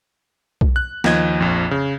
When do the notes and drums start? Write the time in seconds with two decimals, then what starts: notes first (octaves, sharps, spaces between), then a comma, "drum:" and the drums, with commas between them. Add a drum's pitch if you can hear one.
0.61 drum: kick B1
0.76 F#6
1.04 D#2 F3 D#5 G#6, drum: snare
1.40 A#1 F2
1.71 C#3